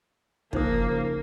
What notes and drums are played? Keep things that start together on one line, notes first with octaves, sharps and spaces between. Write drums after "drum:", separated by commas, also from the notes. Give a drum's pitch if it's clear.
C#3 F3 A#3 D#4 C5 D#6, drum: kick